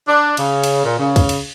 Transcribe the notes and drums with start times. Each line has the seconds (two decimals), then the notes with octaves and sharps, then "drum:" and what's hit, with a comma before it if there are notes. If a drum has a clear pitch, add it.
0.06 D4
0.37 C#3, drum: cymbal
0.64 drum: cymbal
0.83 A#2
0.98 C#3
1.16 drum: kick, cymbal
1.29 drum: cymbal